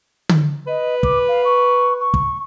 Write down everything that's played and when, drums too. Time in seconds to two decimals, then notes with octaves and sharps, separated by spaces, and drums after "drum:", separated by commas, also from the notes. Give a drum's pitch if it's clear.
0.29 drum: tom D3
0.67 B4 D#5
1.03 D6, drum: kick
1.28 F5
1.45 C#6
2.00 C#6
2.14 drum: kick